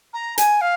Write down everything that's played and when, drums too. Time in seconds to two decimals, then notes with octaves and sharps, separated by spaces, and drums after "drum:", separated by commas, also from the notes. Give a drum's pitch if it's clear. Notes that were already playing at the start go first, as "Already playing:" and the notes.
0.14 A#5
0.38 G#5, drum: hi-hat
0.61 F5